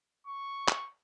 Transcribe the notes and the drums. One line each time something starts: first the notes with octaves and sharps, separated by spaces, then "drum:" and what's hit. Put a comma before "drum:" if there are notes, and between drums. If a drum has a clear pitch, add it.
C#6
drum: clap